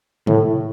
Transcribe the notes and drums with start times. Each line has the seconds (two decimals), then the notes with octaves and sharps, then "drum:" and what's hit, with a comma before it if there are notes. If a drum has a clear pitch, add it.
0.27 A2, drum: tom C3